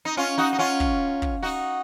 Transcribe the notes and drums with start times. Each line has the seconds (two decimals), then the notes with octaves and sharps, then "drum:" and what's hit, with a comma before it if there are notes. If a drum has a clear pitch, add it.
0.05 D#4
0.17 C#4 F4
0.38 D#4 F#4
0.53 D#4
0.59 C#4 F4
0.80 drum: kick
1.22 drum: kick
1.43 D#4 F#4